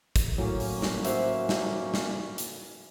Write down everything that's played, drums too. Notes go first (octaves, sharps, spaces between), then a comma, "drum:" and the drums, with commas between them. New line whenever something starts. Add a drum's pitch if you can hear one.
drum: kick, hi-hat
A2 F#3 A#3 C#4
drum: open hi-hat
drum: snare
F#4 C5 E5, drum: hi-hat
drum: snare
drum: snare
drum: hi-hat